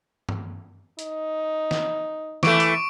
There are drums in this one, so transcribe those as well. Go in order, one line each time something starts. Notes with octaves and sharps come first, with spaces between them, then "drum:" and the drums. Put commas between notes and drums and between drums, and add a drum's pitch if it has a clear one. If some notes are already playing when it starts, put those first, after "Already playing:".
drum: tom G2
D#4, drum: hi-hat
drum: snare
E3 A3 C#6 D6 D7, drum: snare
drum: hi-hat